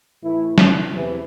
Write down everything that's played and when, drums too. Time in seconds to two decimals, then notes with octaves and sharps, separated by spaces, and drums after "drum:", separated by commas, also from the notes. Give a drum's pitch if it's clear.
0.23 A2 E3 A3 E4
0.58 drum: snare
0.93 E2 C3 E3